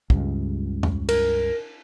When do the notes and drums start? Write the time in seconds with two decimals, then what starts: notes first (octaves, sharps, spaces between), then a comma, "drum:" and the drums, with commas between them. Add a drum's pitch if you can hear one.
0.10 C#2 G2 G#3, drum: kick
0.83 drum: tom E2
1.09 A#4, drum: cymbal